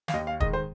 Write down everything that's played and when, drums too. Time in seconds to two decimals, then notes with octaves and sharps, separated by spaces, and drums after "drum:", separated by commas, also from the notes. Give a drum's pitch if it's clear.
0.08 F5, drum: snare
0.13 D#2 D#5
0.27 F5
0.40 D#3 G#3 D#5, drum: kick
0.53 C5